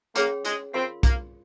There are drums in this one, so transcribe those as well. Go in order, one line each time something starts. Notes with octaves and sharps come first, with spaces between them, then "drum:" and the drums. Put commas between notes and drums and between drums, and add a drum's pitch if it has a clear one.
A#3 C#4 G#4 C#5 G5 C6, drum: hi-hat
G#3, drum: hi-hat
C4 F4 A#4 F5 C6
A#3, drum: kick B1, hi-hat